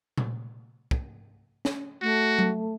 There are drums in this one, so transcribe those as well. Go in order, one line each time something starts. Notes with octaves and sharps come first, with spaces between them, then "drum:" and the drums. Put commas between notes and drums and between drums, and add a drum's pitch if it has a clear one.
drum: tom A#2
drum: kick
drum: snare
A3 F#4
drum: tom F#3